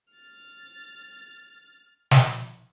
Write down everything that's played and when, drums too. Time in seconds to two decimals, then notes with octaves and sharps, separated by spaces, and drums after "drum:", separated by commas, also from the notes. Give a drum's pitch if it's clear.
0.13 F6 A6
2.11 drum: snare